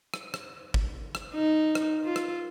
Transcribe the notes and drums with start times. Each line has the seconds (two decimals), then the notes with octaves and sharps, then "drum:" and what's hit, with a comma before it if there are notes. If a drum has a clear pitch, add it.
0.14 drum: rim click
0.34 drum: rim click
0.74 drum: kick
1.15 drum: rim click
1.35 D#4
1.75 drum: rim click
2.04 F4
2.16 drum: rim click